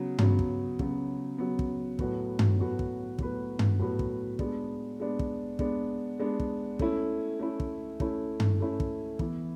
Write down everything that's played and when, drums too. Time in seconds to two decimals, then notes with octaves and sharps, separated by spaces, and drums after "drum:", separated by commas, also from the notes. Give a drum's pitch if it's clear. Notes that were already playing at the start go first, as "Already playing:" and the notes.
Already playing: C#3 F#3 B3
0.19 C#3 F#3 B3, drum: tom G2
0.39 drum: kick
0.79 C#3 F#3 B3, drum: kick
1.38 C#3 F#3 B3
1.59 drum: kick
1.99 A2 F#3 B3 F#4 B4, drum: kick
2.39 drum: tom G2
2.59 A2 F#3 B3 F#4 B4
2.79 drum: kick
3.19 A2 F#3 B3 F#4 B4, drum: kick
3.59 drum: tom G2
3.79 A2 F#3 B3 F#4 B4
3.99 drum: kick
4.39 G#3 B3 D4, drum: kick
5.00 G#3 B3 D4
5.19 drum: kick
5.59 G#3 B3 D4, drum: kick
6.20 G#3 B3 D4
6.39 drum: kick
6.79 A3 C#4 E4, drum: kick
7.39 A3 C#4 E4
7.60 drum: kick
8.00 A3 C#4 E4, drum: kick
8.40 drum: tom G2
8.60 A3 C#4 E4
8.80 drum: kick
9.19 E3 B3 E4, drum: kick